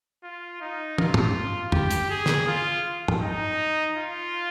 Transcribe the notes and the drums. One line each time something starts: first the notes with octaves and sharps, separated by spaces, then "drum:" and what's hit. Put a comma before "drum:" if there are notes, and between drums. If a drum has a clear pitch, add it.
F4
D#4
F4, drum: tom
drum: tom
G4, drum: tom
drum: hi-hat
G#4
drum: snare
F4
drum: tom
D#4
F4